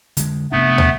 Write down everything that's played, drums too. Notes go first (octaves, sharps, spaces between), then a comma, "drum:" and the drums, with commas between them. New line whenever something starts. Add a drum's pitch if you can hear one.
D3 G#3, drum: hi-hat
F1 C3 A3 B3 D4
drum: tom